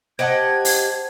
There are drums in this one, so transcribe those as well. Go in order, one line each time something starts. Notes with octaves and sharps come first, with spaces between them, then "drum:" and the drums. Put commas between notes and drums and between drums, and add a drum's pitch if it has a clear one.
G4 C5 D#5 F#5 A5 G#6
drum: open hi-hat